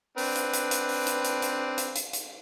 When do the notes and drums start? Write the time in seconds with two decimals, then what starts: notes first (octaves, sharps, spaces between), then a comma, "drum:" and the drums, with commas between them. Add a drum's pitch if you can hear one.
0.18 C4 D4 B4, drum: open hi-hat
0.35 drum: hi-hat
0.53 drum: hi-hat
0.71 drum: hi-hat
0.89 drum: open hi-hat
1.07 drum: hi-hat
1.24 drum: hi-hat
1.42 drum: hi-hat
1.78 drum: hi-hat
1.95 drum: hi-hat
2.13 drum: hi-hat